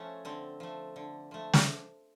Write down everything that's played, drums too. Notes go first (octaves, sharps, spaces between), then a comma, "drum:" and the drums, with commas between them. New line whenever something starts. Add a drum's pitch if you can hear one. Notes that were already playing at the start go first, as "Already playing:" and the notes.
Already playing: F3 A3 C#4
D3 C4
F3 A3
D3
F3 A3
drum: snare